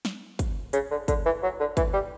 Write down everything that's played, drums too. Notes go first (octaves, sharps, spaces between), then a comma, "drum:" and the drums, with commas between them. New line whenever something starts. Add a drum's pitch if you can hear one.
drum: snare
drum: kick, hi-hat
C#3, drum: hi-hat
D3
D3, drum: kick, hi-hat
E3
F#3
D3
E3, drum: kick, hi-hat
G3